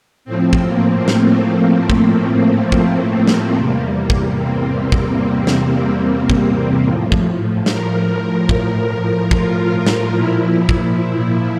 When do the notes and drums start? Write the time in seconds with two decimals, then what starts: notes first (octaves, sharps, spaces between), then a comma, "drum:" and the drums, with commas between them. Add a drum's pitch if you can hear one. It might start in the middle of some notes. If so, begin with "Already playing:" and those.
0.25 A2 F3 C4
0.53 drum: kick
0.66 A#3
1.08 A3, drum: snare
1.90 A#3, drum: kick
2.72 A3, drum: kick
3.27 drum: snare
3.54 E2 C3 G3 A#3
4.10 drum: kick
4.38 C4
4.92 drum: kick
5.20 A#3
5.47 drum: snare
6.03 C4
6.30 drum: kick
6.84 A2 F3
7.12 drum: kick
7.66 A#4, drum: snare
8.49 drum: kick
9.31 F4, drum: kick
9.87 drum: snare
10.14 A#2 F3 E4
10.69 drum: kick